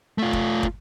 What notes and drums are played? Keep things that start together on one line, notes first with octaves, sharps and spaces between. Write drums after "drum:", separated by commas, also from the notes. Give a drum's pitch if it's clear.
A3 F4
drum: kick
drum: kick